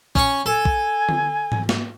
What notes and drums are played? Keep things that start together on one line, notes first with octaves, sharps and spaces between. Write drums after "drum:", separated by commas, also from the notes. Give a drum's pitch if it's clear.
C#4 C#6, drum: kick
A4 G#5
drum: kick
drum: tom D3
drum: tom G#2
drum: snare